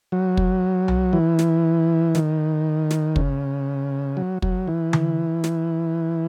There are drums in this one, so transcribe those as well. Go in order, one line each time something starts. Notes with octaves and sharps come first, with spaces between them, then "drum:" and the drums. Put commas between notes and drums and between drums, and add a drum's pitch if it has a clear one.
F#3
drum: kick
drum: tom B1
E3
drum: snare
D#3, drum: snare
drum: snare
C#3, drum: kick
F#3
F#3, drum: kick
E3
drum: tom D3
drum: snare